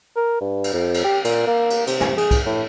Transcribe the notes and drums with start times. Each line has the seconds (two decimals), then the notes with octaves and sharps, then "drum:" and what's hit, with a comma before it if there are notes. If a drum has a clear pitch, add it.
0.16 A#4
0.41 G2
0.64 drum: cymbal
0.74 F2
0.94 drum: cymbal
1.04 G4
1.25 A#2, drum: cymbal
1.47 A#3
1.70 drum: cymbal
1.87 C3, drum: cymbal
2.01 drum: snare
2.18 G#4, drum: cymbal
2.31 drum: kick, cymbal
2.46 A2